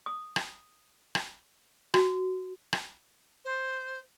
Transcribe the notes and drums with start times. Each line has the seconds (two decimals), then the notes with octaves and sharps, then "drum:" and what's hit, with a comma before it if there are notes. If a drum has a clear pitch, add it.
0.06 D#6
0.36 drum: rim click
1.15 drum: rim click
1.94 F#4, drum: rim click
2.73 drum: rim click
3.44 C5